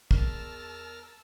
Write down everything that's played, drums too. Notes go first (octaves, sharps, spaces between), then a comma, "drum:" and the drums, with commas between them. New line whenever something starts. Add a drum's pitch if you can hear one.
E2 A#4 A5 E6 F6, drum: kick